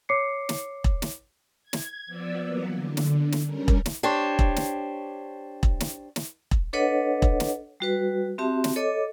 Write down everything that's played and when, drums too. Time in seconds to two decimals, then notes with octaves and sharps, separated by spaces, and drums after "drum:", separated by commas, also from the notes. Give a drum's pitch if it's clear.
0.09 C#5 D6 C7 C#7
0.49 drum: snare
0.84 drum: kick E1
1.02 drum: snare
1.63 G#6
1.73 drum: snare
2.06 F3 B3 D5 E6
2.42 E3 F#3 A#3 B3
2.71 D3
2.97 drum: snare
3.32 drum: snare
3.44 G3 C#4 A#4
3.68 drum: kick E1
3.86 drum: snare
4.03 D4 G4 C5 C#5
4.39 drum: kick E1
4.56 drum: snare
5.63 drum: kick E1
5.80 drum: snare
6.16 drum: snare
6.51 drum: kick E1
6.73 D4 A4 B4 C#5 D#5 F#5
7.22 drum: kick E1
7.40 drum: snare
7.80 G3 F#4 B4
8.38 C4 F#4 G4 E5 A5
8.64 drum: snare
8.76 A4 C#5 D#5 D6